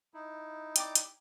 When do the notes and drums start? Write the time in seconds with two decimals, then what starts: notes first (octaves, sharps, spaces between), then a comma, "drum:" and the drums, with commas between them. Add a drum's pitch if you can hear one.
0.14 D#4 E4
0.76 G4 D5 D6, drum: hi-hat
0.95 drum: hi-hat